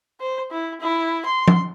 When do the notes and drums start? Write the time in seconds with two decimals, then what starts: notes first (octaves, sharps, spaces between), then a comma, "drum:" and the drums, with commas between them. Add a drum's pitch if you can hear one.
0.20 C5
0.51 E4
0.81 E4
1.25 C6
1.48 drum: tom F3